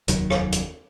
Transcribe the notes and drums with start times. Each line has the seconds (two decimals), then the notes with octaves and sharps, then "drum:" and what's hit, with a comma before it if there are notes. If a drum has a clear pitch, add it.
0.08 F1 D#2 D#3 F#3, drum: hi-hat
0.30 drum: rim click
0.52 drum: hi-hat